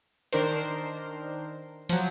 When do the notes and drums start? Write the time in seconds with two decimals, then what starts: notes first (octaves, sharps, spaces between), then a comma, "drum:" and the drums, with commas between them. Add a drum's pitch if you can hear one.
0.33 D#3 D4 A#4 C5, drum: hi-hat
1.89 F3 F#3, drum: open hi-hat